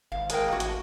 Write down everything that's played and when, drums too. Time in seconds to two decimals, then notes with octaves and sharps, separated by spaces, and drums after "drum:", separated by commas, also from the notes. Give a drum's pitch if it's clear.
0.12 G#1 F5
0.30 G#3 A#3 G5, drum: hi-hat
0.48 A1 A#3 F#4
0.60 drum: hi-hat